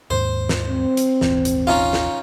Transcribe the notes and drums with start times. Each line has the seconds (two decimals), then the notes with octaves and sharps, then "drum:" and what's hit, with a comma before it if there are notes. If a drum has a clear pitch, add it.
0.10 D#2 G#2 C5
0.49 drum: snare
0.69 C4
0.97 drum: hi-hat
1.21 D#1 G#1 E3, drum: snare
1.45 drum: hi-hat
1.67 C#4 D#4 F4
1.93 drum: snare